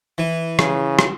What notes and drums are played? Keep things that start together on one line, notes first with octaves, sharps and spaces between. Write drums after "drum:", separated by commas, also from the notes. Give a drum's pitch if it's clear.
E3
C#3, drum: rim click
drum: rim click